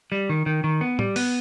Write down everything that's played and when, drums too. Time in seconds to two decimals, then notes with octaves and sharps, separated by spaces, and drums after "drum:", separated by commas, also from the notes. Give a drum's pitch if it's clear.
0.12 G3
0.29 D#3
0.46 D#3
0.64 D#3
0.81 B3
0.99 G3, drum: tom
1.16 B3, drum: open hi-hat